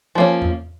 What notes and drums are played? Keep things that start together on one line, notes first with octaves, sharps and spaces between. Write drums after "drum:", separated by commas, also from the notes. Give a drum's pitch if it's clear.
F3 A#3 C#4
drum: tom E2